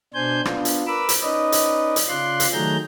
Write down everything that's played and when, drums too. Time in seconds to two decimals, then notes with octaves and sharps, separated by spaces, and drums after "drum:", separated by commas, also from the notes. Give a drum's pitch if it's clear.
0.14 B2 D4 C5 G#5 G6
0.45 B3 D4 F4, drum: rim click
0.65 drum: hi-hat
0.87 A#4 B4 B5 D6 E6
1.09 drum: hi-hat
1.22 C#4 D#4 B4 D5 D#5
1.52 drum: hi-hat
1.96 drum: hi-hat
2.08 C#3 F4 D5 C6 F#6
2.40 drum: hi-hat
2.53 D#3 F#3 A3 G#4 A#5 G6